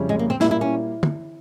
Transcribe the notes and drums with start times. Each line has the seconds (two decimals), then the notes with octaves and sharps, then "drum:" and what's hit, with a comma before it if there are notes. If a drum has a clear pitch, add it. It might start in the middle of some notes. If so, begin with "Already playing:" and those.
Already playing: F2 C#3 G3 C#4 E4
0.09 G#3
0.19 A#3
0.30 C4
0.40 A#2 G3 A#3 E4, drum: snare
0.51 E4
0.61 C#4
1.03 drum: tom D3